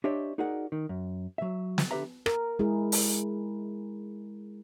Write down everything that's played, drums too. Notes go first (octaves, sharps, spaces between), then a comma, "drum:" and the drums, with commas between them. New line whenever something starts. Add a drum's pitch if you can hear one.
D4 G4 C5 C#5 D#5 E5
D#4 F#4 G#4 A#4 D5 F#5
D#3
F#2
F#3 E5
drum: snare
D3 G4 B4 E5 A#5
A#4, drum: rim click
G#3 E4 G#4
drum: open hi-hat